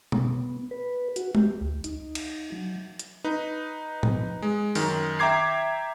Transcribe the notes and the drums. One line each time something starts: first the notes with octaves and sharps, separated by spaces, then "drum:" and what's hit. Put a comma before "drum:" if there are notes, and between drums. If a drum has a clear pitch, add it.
B3, drum: tom B2
B4
F#4, drum: hi-hat
G4, drum: tom G#3
D2
D#4, drum: hi-hat
drum: cymbal
F#3
drum: hi-hat
D#4 B4
drum: tom A2
G#3
F#2 D#3, drum: open hi-hat
E5 G5 A#5 D6 G#6 C7